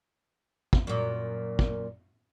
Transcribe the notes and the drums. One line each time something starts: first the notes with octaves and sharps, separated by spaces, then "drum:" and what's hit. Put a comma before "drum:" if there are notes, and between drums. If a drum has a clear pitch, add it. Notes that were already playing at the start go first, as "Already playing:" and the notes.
drum: kick
F#2 A#2
drum: kick